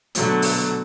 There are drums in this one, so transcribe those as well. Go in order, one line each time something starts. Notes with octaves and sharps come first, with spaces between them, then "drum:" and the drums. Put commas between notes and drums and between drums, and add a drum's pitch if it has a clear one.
B2 D3 F#3 A3, drum: hi-hat
drum: open hi-hat